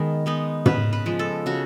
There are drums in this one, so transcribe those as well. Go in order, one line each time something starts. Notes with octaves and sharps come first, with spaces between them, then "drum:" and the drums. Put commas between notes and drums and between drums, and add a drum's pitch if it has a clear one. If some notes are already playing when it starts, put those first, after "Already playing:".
Already playing: D#3 G#3 B3 D#4
G#3 B3 D#4
C#3 B4, drum: tom
B4
F3 G#3
A4
C#3 F#4